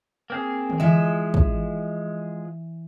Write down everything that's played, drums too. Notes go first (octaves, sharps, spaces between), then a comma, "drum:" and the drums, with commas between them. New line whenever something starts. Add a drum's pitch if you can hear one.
A#3 C4 G#4
drum: tom D3
E3 F3 G#3 E5
drum: kick